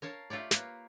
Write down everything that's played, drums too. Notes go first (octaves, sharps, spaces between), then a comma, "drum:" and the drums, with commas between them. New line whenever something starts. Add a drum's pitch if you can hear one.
A#4 C#5 F5 A5
A3 F4 G4 C#5 D5
A#3 A#4 B4 C#5, drum: snare